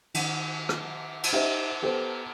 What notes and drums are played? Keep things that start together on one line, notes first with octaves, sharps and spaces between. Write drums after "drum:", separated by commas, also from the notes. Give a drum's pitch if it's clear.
D#3, drum: cymbal
drum: rim click
drum: cymbal
D#4 G4 C5 E5
B3 G4 A4 C5